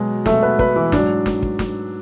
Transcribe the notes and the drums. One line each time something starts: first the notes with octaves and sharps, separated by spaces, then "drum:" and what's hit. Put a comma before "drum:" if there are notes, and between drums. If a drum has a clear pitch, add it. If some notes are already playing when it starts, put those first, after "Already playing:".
Already playing: B2 F#3 G#3
B2 F#3 A3 A4, drum: snare
B3 B4
B3 B4, drum: kick
E3 E4
G#2 F#3 D4, drum: snare
drum: snare
drum: kick
drum: snare